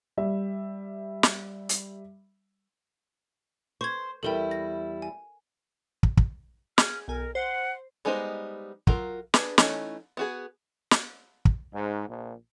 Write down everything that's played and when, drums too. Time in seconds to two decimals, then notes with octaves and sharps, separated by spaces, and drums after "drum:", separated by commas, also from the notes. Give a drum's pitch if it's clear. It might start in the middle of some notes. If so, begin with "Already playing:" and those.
0.17 G3 E5
1.23 drum: snare
1.69 drum: hi-hat
3.81 C5 C#6 G#6
4.23 E2 G3 E4 A4 A#4 G5
4.51 A#6
5.02 G#5
6.03 drum: kick
6.17 drum: kick
6.78 G#4 F6, drum: snare
7.08 B1 A#4 G#5
7.35 C5 F#5
8.05 G3 G#3 B3 D#4 C5
8.87 F#3 F4 A#4, drum: kick
9.34 D4 G#4 B4, drum: snare
9.58 E3 A3 C#4 D#4, drum: snare
10.17 B3 F#4 G#4
10.91 drum: snare
11.45 drum: kick
11.73 G#2
12.09 A#1